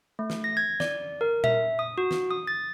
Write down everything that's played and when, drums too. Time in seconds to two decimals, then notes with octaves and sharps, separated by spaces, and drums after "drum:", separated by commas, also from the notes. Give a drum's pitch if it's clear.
0.19 A3
0.30 drum: snare
0.44 A#6
0.57 G#6
0.80 D5, drum: snare
1.21 A#4
1.44 E5, drum: tom A#2
1.79 D#6
1.98 F#4
2.11 drum: snare
2.31 D#6
2.47 A6